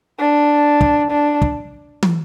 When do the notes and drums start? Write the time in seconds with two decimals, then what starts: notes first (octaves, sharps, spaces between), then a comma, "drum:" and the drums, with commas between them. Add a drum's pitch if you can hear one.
0.20 D4
0.81 drum: kick
1.11 D4
1.42 drum: kick
2.03 drum: tom